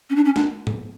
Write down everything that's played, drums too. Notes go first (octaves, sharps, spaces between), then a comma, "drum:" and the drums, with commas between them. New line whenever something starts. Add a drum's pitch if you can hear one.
C#4
D4
C#4
D4, drum: snare
drum: tom G#2